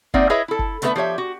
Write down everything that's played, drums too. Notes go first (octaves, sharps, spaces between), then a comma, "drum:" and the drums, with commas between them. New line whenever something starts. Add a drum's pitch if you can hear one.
A#3 C4 D#4 D5 E5 F#5, drum: kick F#1
E4 G#4 B4 C#5 D#5 E5
E4 A4
drum: kick F#1
D3 A3 B3 D4 B4 E5, drum: hi-hat
F3 G4 C#5 E5
F#4